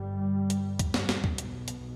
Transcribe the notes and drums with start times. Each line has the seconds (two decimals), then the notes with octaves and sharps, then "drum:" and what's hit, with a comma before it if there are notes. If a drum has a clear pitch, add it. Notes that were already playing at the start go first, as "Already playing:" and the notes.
Already playing: G1 G2 G3
0.50 drum: hi-hat
0.79 drum: kick, hi-hat
0.94 drum: snare
1.09 drum: snare
1.24 B1 B2, drum: kick
1.38 drum: hi-hat
1.68 drum: hi-hat